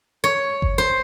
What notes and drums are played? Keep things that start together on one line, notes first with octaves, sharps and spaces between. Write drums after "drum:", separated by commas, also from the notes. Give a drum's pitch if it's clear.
C#5
drum: kick G1
C5